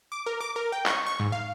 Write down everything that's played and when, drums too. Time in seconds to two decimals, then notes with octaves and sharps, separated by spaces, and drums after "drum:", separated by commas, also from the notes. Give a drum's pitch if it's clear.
0.12 D6
0.26 A#4
0.41 D6
0.56 A#4
0.72 G5
0.86 C#6, drum: clap
1.07 C#6
1.20 G#2
1.32 F5